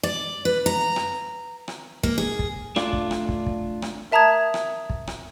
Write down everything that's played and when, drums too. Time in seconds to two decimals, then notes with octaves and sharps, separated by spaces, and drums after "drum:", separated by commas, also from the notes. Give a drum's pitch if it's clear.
0.03 D5
0.45 B4
0.66 A#5
0.96 drum: rim click
1.68 drum: rim click
2.03 A#3, drum: kick
2.18 G#4
2.39 drum: kick
2.76 A3 D4 F4 D5, drum: rim click
2.93 drum: kick
3.11 drum: rim click
3.29 drum: kick
3.46 drum: kick
3.82 drum: rim click
4.12 A#4 E5 A5 A#5 D#6 G#6
4.54 drum: rim click
4.90 drum: kick
5.07 drum: rim click